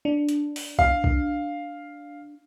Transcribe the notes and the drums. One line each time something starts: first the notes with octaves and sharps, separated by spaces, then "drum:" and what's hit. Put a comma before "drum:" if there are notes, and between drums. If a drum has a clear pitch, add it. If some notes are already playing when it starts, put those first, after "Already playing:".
D4
drum: hi-hat
drum: open hi-hat
F5, drum: kick B1
drum: kick B1